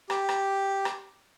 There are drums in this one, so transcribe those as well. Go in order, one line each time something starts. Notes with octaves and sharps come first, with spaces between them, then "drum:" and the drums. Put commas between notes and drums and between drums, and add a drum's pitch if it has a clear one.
G4, drum: rim click
drum: rim click
drum: rim click